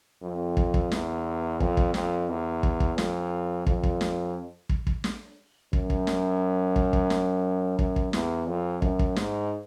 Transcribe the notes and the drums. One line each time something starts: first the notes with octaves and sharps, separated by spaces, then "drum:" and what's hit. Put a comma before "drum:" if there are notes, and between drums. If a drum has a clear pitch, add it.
F2
drum: kick
drum: kick
E2, drum: snare
F2, drum: kick
drum: kick
F2, drum: snare
E2
drum: kick
drum: kick
F2, drum: snare
F2, drum: kick
drum: kick
drum: snare
drum: kick
drum: kick
drum: snare
F#2, drum: kick
drum: kick
drum: snare
drum: kick
drum: kick
drum: snare
F#2, drum: kick
drum: kick
E2, drum: snare
F2
F#2, drum: kick
drum: kick
G#2, drum: snare